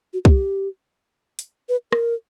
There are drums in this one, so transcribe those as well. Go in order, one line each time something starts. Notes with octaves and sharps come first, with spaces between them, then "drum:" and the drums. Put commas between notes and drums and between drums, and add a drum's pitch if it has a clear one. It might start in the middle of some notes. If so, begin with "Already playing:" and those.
F#4
G4, drum: kick C2
drum: hi-hat
B4
A#4, drum: rim click